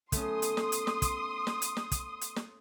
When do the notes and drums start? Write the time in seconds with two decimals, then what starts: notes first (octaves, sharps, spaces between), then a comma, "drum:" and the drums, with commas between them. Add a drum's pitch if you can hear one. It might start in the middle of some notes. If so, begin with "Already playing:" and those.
0.12 A3 B3 C#4 C6 D#6, drum: kick, hi-hat
0.42 drum: hi-hat
0.57 drum: snare
0.72 drum: hi-hat
0.87 drum: snare
1.02 drum: kick, hi-hat
1.47 drum: snare
1.62 drum: hi-hat
1.77 drum: snare
1.92 drum: kick, hi-hat
2.21 drum: hi-hat
2.36 drum: snare